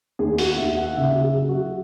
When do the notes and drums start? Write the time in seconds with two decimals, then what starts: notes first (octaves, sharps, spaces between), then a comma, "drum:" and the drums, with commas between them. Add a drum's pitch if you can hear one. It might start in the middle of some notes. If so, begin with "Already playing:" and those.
0.19 D#2 G#4
0.38 F#4, drum: open hi-hat
0.57 D#2 E5
0.77 F#5
0.96 C#3 E5
1.15 F#4
1.22 G#4
1.36 F#3
1.49 F#4